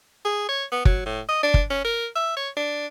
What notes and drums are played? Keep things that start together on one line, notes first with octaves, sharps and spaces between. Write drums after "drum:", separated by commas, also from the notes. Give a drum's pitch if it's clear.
G#4
C#5
B3
F#3, drum: kick
A2
D#5
D4
drum: kick
C#4
A#4
E5
C#5
D4